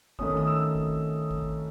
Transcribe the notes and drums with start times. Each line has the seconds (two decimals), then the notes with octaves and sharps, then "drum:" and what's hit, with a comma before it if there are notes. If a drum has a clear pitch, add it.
0.19 D#3 A3 C#4 D#6, drum: kick
0.37 D#6
0.47 E6
0.75 drum: kick
1.31 drum: kick